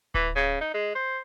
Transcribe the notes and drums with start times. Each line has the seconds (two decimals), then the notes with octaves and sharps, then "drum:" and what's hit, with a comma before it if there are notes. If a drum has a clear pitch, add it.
0.14 E3, drum: kick D1
0.36 C#3
0.61 D#4
0.74 G#3
0.95 C5